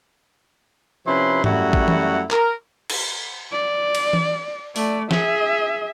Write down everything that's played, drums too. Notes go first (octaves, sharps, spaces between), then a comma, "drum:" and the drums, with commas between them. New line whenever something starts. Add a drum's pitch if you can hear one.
C3 F3 C#4 E4 B4 C6
F#2 G3 A3 E4 F#4 F#5, drum: tom G#2
drum: kick
drum: tom E3
A#4, drum: clap
drum: cymbal
D5
drum: cymbal
drum: tom E3
A3 D5, drum: open hi-hat
G#4 E5, drum: snare